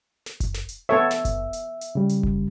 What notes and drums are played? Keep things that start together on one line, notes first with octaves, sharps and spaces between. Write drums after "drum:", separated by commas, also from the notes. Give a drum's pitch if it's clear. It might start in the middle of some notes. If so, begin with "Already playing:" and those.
drum: snare
drum: kick F#1, hi-hat
drum: snare
drum: hi-hat
B3 A4 C#5 E5
drum: snare
drum: kick F#1, hi-hat
drum: hi-hat
drum: hi-hat
C#3 G3
drum: hi-hat
drum: kick F#1